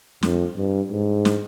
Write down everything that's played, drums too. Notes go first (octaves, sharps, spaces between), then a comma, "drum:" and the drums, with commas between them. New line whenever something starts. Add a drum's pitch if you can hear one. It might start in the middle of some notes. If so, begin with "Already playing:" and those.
F2, drum: snare
G2
G#2
drum: snare